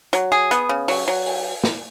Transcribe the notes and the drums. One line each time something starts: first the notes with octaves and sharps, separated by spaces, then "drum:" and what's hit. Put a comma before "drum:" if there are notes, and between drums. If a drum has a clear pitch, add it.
F#3, drum: hi-hat
G#4
B3, drum: hi-hat
C#3
F#3, drum: open hi-hat
F#3
drum: open hi-hat
drum: snare